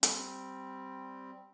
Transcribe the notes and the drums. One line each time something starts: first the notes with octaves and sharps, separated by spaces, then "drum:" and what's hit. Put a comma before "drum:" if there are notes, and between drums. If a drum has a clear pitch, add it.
G3 C4, drum: hi-hat